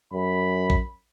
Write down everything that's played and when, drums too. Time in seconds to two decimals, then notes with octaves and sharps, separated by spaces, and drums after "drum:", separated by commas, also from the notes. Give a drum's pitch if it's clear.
0.13 F#2 B5
0.70 drum: kick A#1